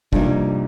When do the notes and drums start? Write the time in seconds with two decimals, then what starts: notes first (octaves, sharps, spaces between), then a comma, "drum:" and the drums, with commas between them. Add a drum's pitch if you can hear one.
0.13 C2 G2 C3 F3 A#3 D#4, drum: kick